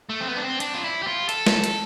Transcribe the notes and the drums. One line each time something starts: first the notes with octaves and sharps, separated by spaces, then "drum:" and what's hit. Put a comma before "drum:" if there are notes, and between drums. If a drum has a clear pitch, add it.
A3
C4
B3
D4
C4
D4, drum: hi-hat
F4
E4
G4
F4
A4, drum: hi-hat
drum: snare
drum: hi-hat